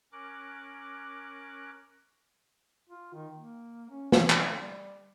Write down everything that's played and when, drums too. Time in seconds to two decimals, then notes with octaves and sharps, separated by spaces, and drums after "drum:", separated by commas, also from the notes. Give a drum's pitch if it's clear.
0.12 C#4 A#4 D6 F#6
2.89 F4
3.14 D#3
3.36 A#3
3.90 C#4
4.12 G3, drum: snare
4.30 D#4, drum: clap
4.45 D3
4.60 G3